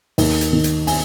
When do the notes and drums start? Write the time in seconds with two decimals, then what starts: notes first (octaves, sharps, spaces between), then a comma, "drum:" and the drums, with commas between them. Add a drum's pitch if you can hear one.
0.18 D#2, drum: open hi-hat
0.41 drum: hi-hat
0.53 D#3
0.64 drum: hi-hat
0.87 G#5, drum: open hi-hat